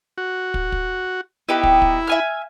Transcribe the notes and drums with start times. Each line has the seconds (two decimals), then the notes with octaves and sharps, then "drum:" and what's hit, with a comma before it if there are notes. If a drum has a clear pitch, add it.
0.18 F#4
0.54 drum: kick
0.72 drum: kick
1.49 B3 D#4 E4 G4
1.63 drum: kick
1.82 drum: kick
2.07 E5 G#5 F6